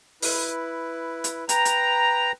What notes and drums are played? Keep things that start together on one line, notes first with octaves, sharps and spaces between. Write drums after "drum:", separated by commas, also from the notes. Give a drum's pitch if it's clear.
E4 B4, drum: open hi-hat
drum: hi-hat
B4 G5 A#5, drum: hi-hat
drum: hi-hat